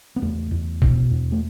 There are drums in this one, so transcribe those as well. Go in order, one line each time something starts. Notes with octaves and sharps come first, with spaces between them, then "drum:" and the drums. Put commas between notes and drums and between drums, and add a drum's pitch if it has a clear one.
B3
E2 A3
E2
B2, drum: kick
E2
A3